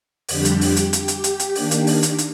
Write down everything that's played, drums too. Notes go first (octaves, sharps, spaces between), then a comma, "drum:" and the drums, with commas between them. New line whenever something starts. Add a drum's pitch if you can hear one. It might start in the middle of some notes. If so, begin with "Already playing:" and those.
F2 D3 G3 D4 G4, drum: open hi-hat
drum: hi-hat
G4, drum: open hi-hat
drum: hi-hat
G4, drum: hi-hat
drum: hi-hat
drum: hi-hat
drum: hi-hat
D#3 A#3 D4, drum: open hi-hat
drum: hi-hat
drum: open hi-hat
drum: hi-hat
drum: hi-hat